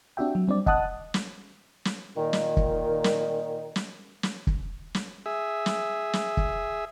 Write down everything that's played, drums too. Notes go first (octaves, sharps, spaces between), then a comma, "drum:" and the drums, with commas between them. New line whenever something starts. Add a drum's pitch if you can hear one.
C4 D4 F#4 G4 E5 G5
F#3
G3 C4 D4 D5
D#5 F#5 A5 D#6 F#6, drum: kick
drum: snare
drum: snare
A#2 D#3
drum: snare
drum: kick
drum: snare
drum: snare
drum: snare
drum: kick
drum: snare
G#4 E5
drum: snare
drum: snare
drum: kick